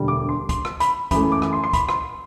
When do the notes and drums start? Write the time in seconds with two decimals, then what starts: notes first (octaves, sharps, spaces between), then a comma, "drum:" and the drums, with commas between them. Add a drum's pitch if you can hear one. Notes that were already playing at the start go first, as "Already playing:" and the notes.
Already playing: E1 D2 D3 G3
0.08 D6
0.29 C6
0.49 C6, drum: kick, hi-hat
0.65 drum: rim click
0.80 B5, drum: hi-hat
1.11 F#2 E3 A3 B5, drum: kick, hi-hat
1.32 D6
1.42 drum: rim click
1.53 C6
1.64 C6
1.73 B5, drum: kick, hi-hat
1.89 C6, drum: rim click